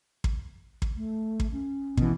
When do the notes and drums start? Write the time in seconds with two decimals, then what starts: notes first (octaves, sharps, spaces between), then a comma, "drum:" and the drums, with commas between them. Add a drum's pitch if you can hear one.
0.24 drum: kick
0.82 drum: kick
0.96 A3
1.40 drum: kick
1.52 C#4
1.97 B2 E3, drum: kick